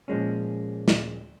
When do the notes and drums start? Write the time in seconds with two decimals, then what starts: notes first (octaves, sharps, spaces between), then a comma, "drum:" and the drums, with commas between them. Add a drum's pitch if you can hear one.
0.08 A#2 F3 G#3 C#4
0.88 drum: snare